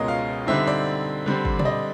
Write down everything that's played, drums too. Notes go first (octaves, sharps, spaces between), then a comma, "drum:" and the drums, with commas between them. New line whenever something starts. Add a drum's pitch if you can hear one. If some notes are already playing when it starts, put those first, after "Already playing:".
Already playing: C#2 B2 G#3 C#4 F4 A#4 D#5
F5
D3 G3 C4 D#4 E5
D5
D3 G3 C4
drum: kick
D5, drum: tom
D#5